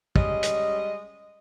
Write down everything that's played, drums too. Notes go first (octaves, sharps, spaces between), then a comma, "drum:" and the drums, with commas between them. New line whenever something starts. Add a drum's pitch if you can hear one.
G3 G#3 C#4 D#5, drum: kick
drum: hi-hat